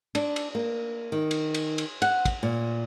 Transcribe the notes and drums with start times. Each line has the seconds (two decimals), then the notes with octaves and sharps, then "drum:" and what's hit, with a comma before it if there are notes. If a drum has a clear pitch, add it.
0.15 D4, drum: cymbal
0.36 drum: cymbal
0.55 A#3
1.12 D#3
1.31 drum: cymbal
1.54 drum: cymbal
1.78 drum: cymbal
2.02 F#5, drum: cymbal
2.25 drum: kick, cymbal
2.43 A#2